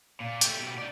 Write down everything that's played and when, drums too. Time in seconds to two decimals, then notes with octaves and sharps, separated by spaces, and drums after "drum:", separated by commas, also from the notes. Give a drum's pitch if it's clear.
0.20 A#2
0.41 A3 G4, drum: hi-hat
0.59 B2 G4
0.78 D#4 D5